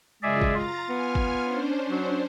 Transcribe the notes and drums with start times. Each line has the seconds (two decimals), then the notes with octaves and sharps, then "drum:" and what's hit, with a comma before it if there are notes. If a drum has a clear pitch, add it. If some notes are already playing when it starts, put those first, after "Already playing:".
0.23 F#2 C#3 G#3 F4 G#4 D5 E5
0.41 drum: kick
0.55 F4 A#5 A6
0.89 B3 G#5 F6
1.15 drum: kick
1.43 C#4 D4 C5
1.89 F#3